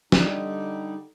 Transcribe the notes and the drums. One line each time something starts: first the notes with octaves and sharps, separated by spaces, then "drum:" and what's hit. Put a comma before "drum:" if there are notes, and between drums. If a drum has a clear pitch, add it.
D3 G3 D#4, drum: snare